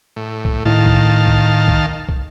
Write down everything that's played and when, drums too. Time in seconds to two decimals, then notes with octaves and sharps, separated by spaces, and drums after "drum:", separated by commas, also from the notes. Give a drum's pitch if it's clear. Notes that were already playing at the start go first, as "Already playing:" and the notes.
0.16 A2
0.45 drum: kick
0.65 A2 D#3 F5 A5
0.86 drum: kick
1.27 drum: kick
1.68 drum: kick
2.09 drum: kick